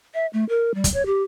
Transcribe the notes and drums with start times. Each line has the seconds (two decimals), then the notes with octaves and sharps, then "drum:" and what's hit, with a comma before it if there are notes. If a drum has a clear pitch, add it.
0.14 E5
0.33 A3
0.49 A#4
0.74 G3
0.84 drum: kick, hi-hat
0.94 C#5
1.06 G4